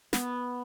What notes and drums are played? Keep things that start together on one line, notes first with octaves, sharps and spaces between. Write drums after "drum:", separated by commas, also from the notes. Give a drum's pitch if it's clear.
B3, drum: snare